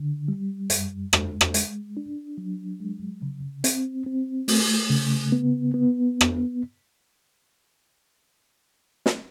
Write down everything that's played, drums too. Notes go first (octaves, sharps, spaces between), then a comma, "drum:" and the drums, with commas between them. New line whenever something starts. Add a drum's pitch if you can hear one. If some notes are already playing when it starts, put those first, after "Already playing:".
Already playing: D3
G3
F#2, drum: hi-hat
G#3, drum: rim click
drum: rim click
G#3, drum: hi-hat
D4
F#3
G#3
C#3
C4, drum: hi-hat
C4
A3, drum: open hi-hat
C#3
B3
B3
drum: rim click
drum: snare